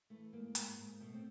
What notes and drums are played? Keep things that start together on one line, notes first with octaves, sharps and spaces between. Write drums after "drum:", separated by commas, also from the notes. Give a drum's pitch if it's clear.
E3 A3
G#2 A#3
G#2, drum: hi-hat
G#2
B2 A3
C4